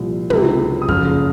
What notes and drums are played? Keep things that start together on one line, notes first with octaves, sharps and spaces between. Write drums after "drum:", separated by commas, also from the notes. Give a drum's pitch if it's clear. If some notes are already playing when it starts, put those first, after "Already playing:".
Already playing: C2 A#2 F3
C#2 C3 F#3, drum: tom
D#6
F#1 F2 C#3 F6, drum: kick